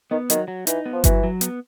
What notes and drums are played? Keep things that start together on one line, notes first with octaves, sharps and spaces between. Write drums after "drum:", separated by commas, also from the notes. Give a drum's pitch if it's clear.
D#3 B3
D#3 F#3, drum: hi-hat
F#3
E3 D#4, drum: hi-hat
B3
F3
E3 F#3, drum: kick G1, hi-hat
F#3
B3, drum: hi-hat